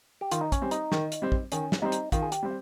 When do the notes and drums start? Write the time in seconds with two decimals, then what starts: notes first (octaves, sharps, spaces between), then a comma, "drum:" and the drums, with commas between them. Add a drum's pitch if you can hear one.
0.21 G4
0.31 D#3 F4, drum: hi-hat
0.41 D#4
0.52 C#4, drum: kick, hi-hat
0.62 G3 C4
0.71 D#4, drum: hi-hat
0.92 D#3, drum: snare
1.12 drum: hi-hat
1.22 G3 C4
1.32 drum: kick
1.52 D#3 C#4, drum: hi-hat
1.72 drum: snare
1.82 G3 C4 D#4
1.92 drum: hi-hat
2.12 D#3 F4, drum: kick, hi-hat
2.22 G#4
2.32 G4, drum: hi-hat
2.43 G3 C4